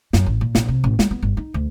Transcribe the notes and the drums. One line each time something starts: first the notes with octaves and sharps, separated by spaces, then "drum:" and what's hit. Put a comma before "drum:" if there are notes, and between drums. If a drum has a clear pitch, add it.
F#2, drum: snare
A1
A#2
A#1, drum: snare
C3
A1
G#3, drum: snare
B3
G1
D#4
D2